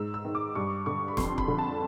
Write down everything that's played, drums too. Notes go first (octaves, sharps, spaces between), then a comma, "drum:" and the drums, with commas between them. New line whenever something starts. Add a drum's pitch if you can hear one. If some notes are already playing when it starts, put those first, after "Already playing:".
Already playing: G#2 E6
E6
D#3
D6
G2 C#6
D3 C#6
B5
F2 C6, drum: snare
B5, drum: kick C#1
D3
A5